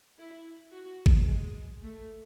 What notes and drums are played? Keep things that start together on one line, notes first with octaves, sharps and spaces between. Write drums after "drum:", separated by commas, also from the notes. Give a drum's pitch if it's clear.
E4
F#4
drum: kick
G#3
A3